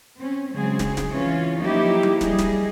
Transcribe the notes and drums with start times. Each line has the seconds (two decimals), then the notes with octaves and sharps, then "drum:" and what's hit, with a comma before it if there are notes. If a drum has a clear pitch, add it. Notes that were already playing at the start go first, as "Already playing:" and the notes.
0.17 C4 C#4
0.54 C#3 F#3 G#3 C4 G#4
0.79 drum: snare
0.97 drum: snare
1.12 E3 C#4 F4
1.62 F3 F#3 A#3 D#4 E4 G4
2.03 drum: tom F#3
2.21 G3 G#4 D#5, drum: snare
2.39 drum: snare